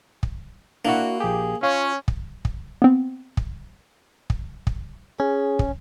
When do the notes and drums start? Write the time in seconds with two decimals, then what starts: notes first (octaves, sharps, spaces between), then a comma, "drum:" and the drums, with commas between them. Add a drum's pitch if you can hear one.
0.23 drum: kick
0.85 A#3 D4 E4 F#4
1.20 A#1 G4 G#4
1.63 C#4 F4 C#5
2.08 drum: kick
2.45 drum: kick
2.82 B3 C4
3.37 drum: kick
4.30 drum: kick
4.67 drum: kick
5.20 C#4 G#4
5.59 drum: kick